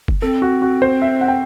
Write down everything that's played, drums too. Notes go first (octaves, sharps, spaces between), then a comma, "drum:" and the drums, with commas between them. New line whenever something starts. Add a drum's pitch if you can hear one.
drum: kick F#1
C4 A4
F#4
F#4
C5
E5
F#5
G5